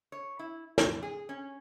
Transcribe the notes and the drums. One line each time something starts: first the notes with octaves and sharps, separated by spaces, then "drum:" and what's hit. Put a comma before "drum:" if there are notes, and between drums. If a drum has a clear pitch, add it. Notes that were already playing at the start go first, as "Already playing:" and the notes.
C#5
E4
E3, drum: snare
G#4
C#4